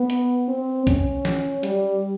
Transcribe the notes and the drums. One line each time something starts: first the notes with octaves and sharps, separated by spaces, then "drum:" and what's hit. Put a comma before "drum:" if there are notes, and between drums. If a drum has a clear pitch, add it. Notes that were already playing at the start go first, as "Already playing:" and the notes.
Already playing: B3
drum: hi-hat
C4
C#4, drum: kick, hi-hat
drum: snare
G3, drum: hi-hat